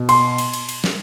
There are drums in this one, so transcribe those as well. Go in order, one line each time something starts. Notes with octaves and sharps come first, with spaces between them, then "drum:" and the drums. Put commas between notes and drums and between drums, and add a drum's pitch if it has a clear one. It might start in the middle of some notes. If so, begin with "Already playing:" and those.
Already playing: B2
C6, drum: cymbal
drum: cymbal
drum: cymbal
drum: cymbal
drum: snare